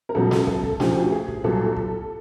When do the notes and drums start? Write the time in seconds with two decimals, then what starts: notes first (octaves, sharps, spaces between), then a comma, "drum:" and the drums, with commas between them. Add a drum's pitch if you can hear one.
0.09 A#4
0.15 C#2 B2 F#3 A4
0.31 drum: snare
0.47 A4, drum: kick
0.63 drum: kick
0.80 D2 C#3 F3 G4, drum: snare
1.12 G#4
1.28 drum: kick
1.44 C2 A#2 F#3 A4
1.77 drum: kick